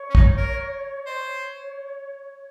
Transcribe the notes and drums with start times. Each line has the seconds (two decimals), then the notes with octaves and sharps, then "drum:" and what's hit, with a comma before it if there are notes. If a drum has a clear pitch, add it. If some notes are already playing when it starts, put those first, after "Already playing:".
Already playing: C#5
0.10 C#4
0.15 D#4, drum: kick
0.37 A#4
1.06 C5 C#5 D#5